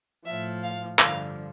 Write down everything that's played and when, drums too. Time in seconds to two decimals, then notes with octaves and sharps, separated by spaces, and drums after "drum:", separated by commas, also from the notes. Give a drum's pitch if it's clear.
0.26 A2 F3 E5
0.63 F5
0.99 G2 D3 F3 F5, drum: clap